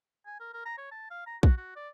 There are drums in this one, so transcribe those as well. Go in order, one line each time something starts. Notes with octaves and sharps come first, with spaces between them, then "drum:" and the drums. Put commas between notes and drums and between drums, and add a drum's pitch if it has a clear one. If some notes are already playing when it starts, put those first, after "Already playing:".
G#5
A#4
A#4
A#5
C#5
A5
F5
A#5
F#4, drum: kick
F#4
D5